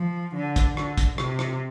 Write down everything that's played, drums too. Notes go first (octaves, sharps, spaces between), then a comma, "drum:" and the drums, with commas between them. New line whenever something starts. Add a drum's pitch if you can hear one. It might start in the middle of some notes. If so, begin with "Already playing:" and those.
Already playing: F3
D3
drum: kick, hi-hat
D3, drum: rim click
drum: kick, hi-hat
C3, drum: rim click
drum: rim click